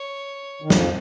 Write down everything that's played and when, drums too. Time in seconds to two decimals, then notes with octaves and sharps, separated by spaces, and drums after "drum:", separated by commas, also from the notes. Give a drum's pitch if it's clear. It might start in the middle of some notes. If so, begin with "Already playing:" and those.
Already playing: C#5
0.62 D#3
0.70 F2 F3, drum: snare